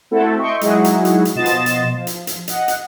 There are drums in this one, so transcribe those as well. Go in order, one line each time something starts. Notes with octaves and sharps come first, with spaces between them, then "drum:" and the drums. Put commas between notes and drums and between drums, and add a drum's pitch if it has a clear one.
A3 C4 E4 F#4 A4
D#5 E5 G5 C6 C#6
F#3 G#3 D#4 E4 F#4 G#4, drum: hi-hat
drum: hi-hat
drum: hi-hat
drum: hi-hat
B2 F3 D#5 C6 A6 E7
drum: hi-hat
drum: hi-hat
F3
drum: hi-hat
drum: hi-hat
D#5 F#5, drum: hi-hat
drum: hi-hat